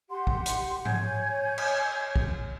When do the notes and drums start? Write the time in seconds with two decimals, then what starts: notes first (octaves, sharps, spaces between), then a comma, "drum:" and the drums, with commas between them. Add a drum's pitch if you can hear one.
0.10 G4 F#5 C6
0.27 drum: kick
0.46 drum: hi-hat
0.85 C#5 G#5 G6 G#6, drum: tom G#2
1.58 drum: cymbal
2.16 drum: kick